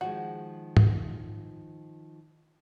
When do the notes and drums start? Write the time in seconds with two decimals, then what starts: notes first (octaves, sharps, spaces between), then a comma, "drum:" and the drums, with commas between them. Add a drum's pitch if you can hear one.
0.01 D#3 F3 G#3 F#4
0.77 drum: tom